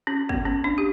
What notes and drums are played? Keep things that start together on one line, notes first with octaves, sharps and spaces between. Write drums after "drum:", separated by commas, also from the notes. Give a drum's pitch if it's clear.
C#4
B3, drum: kick
C#4
D4
G4